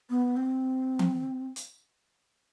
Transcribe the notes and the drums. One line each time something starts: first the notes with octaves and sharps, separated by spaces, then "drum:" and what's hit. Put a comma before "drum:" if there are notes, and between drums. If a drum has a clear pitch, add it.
B3
C4
drum: tom E3
drum: hi-hat